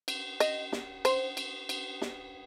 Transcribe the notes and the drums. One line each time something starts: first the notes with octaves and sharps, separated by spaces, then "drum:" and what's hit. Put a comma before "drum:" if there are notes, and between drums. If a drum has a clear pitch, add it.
drum: cymbal
D#5, drum: cymbal
drum: snare
C5, drum: cymbal
drum: cymbal
drum: cymbal
drum: snare